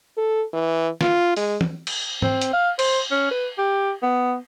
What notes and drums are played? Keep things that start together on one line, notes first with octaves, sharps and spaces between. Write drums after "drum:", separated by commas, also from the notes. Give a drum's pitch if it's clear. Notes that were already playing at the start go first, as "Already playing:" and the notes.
A4
E3
F4, drum: snare
G#3, drum: open hi-hat
drum: tom
drum: cymbal
C4, drum: tom
drum: hi-hat
F5
C5, drum: cymbal
C#4
B4
G4
B3